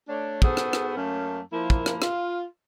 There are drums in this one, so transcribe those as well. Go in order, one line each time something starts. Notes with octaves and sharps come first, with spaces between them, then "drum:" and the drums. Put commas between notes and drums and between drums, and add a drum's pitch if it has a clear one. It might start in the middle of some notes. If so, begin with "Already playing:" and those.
A3 D4 C#5
G#2 B3 F#4 G#4 A4 C5, drum: kick
drum: rim click
drum: rim click
F#2 A3 A#3 C#4
F3 A#3 E4
drum: kick
drum: rim click
F4, drum: rim click